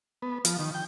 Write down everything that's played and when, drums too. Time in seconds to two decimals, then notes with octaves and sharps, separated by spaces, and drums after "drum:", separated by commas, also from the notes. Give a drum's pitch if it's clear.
0.22 B3
0.45 F3, drum: hi-hat
0.59 D#3
0.74 G5